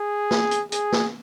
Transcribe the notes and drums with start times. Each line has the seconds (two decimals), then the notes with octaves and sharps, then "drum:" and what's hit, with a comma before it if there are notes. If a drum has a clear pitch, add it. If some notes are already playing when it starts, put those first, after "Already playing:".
Already playing: G#4
0.31 drum: snare
0.51 drum: hi-hat
0.72 G#4, drum: hi-hat
0.92 drum: snare